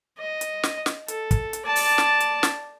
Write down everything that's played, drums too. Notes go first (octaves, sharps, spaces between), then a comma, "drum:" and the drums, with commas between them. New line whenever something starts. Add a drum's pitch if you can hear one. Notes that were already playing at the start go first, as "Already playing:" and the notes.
D#5
drum: hi-hat
drum: snare
drum: snare
A4, drum: hi-hat
drum: kick, hi-hat
drum: hi-hat
D5 A5
drum: open hi-hat
drum: snare
drum: hi-hat
drum: snare